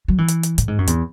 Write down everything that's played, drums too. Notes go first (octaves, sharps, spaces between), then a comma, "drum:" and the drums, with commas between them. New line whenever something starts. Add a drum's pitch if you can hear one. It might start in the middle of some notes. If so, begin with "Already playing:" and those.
F#3
E3
drum: hi-hat
drum: hi-hat
A2, drum: hi-hat
G#2
F#2
E2, drum: hi-hat